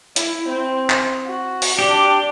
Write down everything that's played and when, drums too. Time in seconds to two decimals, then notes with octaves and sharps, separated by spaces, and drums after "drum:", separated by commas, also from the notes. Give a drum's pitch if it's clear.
0.16 E4, drum: hi-hat
0.48 C4
0.90 drum: clap
1.26 F#4
1.62 drum: open hi-hat
1.79 D4 G4